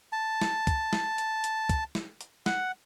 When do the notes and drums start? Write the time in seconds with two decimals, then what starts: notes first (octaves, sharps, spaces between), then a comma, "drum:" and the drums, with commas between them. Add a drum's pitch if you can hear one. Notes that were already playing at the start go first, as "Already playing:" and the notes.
0.12 A5
0.42 drum: snare
0.67 drum: kick, hi-hat
0.93 drum: snare
1.18 drum: hi-hat
1.44 drum: hi-hat
1.69 drum: kick, hi-hat
1.95 drum: snare
2.21 drum: hi-hat
2.46 F#5, drum: snare